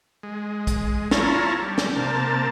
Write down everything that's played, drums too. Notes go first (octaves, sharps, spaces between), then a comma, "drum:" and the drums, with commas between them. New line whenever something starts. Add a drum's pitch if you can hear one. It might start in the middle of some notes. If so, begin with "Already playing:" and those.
G#3
drum: kick, hi-hat
E4 F4 C#5 A5 A#5, drum: snare
G3
drum: snare
C3 A#3 A5